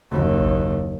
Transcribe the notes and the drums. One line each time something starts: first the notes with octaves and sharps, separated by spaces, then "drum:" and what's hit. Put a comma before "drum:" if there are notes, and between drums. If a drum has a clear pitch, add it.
F#1 D#2
drum: kick A1